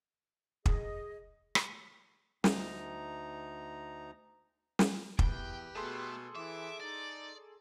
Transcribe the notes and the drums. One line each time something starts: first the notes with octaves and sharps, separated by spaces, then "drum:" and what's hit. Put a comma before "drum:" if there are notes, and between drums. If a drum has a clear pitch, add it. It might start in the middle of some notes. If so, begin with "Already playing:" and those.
G#4 D#5, drum: kick
drum: rim click
D2 D#4 A#5, drum: snare
drum: snare
E2 G4 B4 G5, drum: kick
B2 A3 G#4 A4 C6
E3 E5 D6
D#4 D5